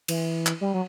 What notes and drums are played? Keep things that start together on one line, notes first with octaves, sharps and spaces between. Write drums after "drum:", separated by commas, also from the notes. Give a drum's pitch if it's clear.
E3, drum: cymbal
drum: clap
G3
F#3